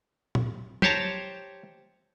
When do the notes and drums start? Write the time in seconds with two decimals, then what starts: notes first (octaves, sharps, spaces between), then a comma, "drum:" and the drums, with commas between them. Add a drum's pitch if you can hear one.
0.35 drum: tom A#2
0.82 G4 C5 C#5 A5 A#5, drum: tom F#3